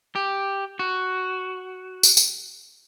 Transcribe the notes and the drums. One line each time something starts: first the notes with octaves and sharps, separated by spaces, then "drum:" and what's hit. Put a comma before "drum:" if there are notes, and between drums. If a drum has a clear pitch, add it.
G4
F#4
drum: tambourine
drum: tambourine